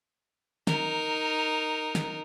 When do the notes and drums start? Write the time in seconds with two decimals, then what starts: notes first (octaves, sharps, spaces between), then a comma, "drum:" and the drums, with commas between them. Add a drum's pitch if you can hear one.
0.67 D#4 A#4, drum: snare
1.95 drum: snare